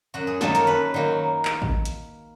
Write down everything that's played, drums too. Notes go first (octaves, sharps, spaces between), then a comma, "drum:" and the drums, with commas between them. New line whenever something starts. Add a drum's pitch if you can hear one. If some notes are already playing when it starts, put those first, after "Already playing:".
F#2 F#4
G#4
D#3 F#3 A#3 A4, drum: snare
A#4, drum: hi-hat
F#2 B4
D#3 F#3 A#3
drum: clap
drum: kick A1
drum: hi-hat